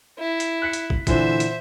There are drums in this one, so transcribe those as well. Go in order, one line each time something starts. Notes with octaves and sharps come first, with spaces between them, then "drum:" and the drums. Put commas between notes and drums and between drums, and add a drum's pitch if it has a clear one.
E4
drum: hi-hat
F#6 B6 C#7
drum: hi-hat
drum: kick
A#2 D3 E3 C5 E5, drum: kick, hi-hat
drum: hi-hat